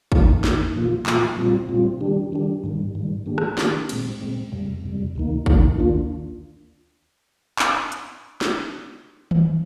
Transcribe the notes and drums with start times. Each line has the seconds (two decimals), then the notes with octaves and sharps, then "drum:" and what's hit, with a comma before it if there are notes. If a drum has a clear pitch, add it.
0.12 F2 D#3 A#3 D#4, drum: kick
0.44 F2 D#3 A#3 D#4, drum: snare
0.75 A#2 F3 A#3 F4
1.06 A#2 F3 A#3 F4, drum: clap
1.38 A#2 G3 C4 F4
1.69 A#2 G3 C4 F4
2.01 D#3 G3 D4 G4
2.32 D#3 G3 D4 G4
2.64 G#2 D#3 G3
2.95 G#2 D#3 G3
3.26 D#3 A#3 D4 G4
3.38 drum: rim click
3.58 D#3 A#3 D4 G4, drum: snare
3.89 A#2 G#3 C4, drum: cymbal
4.21 A#2 G#3 C4
4.52 F2 C3 G3
4.84 F2 C3 G3
5.15 D2 C3 D#3 A#3 D#4
5.46 D2 C3 D#3 A#3 D#4, drum: kick
5.77 D#2 D#3 A#3 D4 F4
7.59 drum: clap
7.92 drum: hi-hat
8.41 drum: snare
9.31 drum: tom D#3